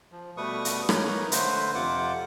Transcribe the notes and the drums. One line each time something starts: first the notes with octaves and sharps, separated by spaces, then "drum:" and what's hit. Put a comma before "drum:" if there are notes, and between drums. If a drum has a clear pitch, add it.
F3
B2 G3 A3 B4 C#6 D#6
drum: hi-hat
D#4 A#4 B4 C#5, drum: rim click
D3 A3 B4 C5, drum: hi-hat
F2 C3 F4 F#5 D6